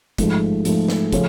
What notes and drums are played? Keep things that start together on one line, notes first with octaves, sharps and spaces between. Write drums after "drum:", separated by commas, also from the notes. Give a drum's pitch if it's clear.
G#2 F3 A3, drum: kick, hi-hat
G#2 F3 A3, drum: hi-hat
drum: snare
C#3 F3 A3 C#4, drum: kick, hi-hat